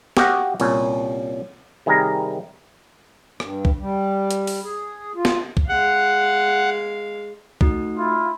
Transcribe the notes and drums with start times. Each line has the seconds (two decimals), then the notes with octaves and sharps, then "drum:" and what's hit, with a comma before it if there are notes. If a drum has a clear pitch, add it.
0.17 F#4 G4 D#5 F5 F#5, drum: snare
0.60 C2 A#2 C#4, drum: cymbal
1.86 C3 D#3 G3 G#4 A#4 A#5
3.40 G2, drum: rim click
3.65 drum: kick B1
3.79 G3
4.31 drum: hi-hat
4.47 drum: open hi-hat
4.64 G#4
5.15 F4
5.25 drum: snare
5.57 drum: kick B1
5.69 G#3 F5 F#5
7.61 A3 D#4 F#4, drum: kick B1
7.97 E4 F4